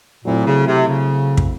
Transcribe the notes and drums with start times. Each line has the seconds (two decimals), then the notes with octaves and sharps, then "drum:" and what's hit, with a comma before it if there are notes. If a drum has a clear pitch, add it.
0.25 A#2 F#3 A3 C4 E4
0.46 C#3
0.66 C3
0.88 C#3
1.37 drum: kick